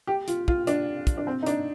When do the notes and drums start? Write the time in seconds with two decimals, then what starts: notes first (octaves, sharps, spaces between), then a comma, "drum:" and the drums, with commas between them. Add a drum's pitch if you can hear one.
0.07 G4
0.28 F4, drum: hi-hat
0.48 F4, drum: kick
0.67 D4, drum: hi-hat
1.07 drum: kick, hi-hat
1.18 D4
1.27 C4
1.42 D#4
1.46 D4, drum: hi-hat